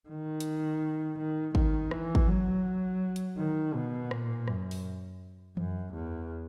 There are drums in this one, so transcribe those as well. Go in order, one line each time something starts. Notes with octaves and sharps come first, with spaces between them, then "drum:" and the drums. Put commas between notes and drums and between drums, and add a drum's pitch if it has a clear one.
D#3
drum: hi-hat
D#3
D#3, drum: kick G#1
E3, drum: rim click
drum: kick G#1
F#3
drum: hi-hat
D#3
B2
A#2, drum: rim click
F#2, drum: rim click
drum: open hi-hat
F#2, drum: tom E3
E2